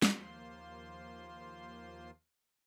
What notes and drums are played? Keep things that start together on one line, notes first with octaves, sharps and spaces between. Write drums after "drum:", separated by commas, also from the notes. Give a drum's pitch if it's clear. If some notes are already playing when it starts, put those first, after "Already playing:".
drum: snare
D#2 F3 A#3 F4 C5 C6